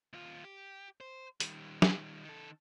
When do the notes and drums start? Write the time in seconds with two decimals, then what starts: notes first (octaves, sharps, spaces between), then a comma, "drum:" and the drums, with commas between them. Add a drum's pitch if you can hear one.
0.13 D#2 F4
0.44 G4
1.01 C5
1.40 D#3 G3, drum: hi-hat
1.82 drum: snare
2.25 D#3 A4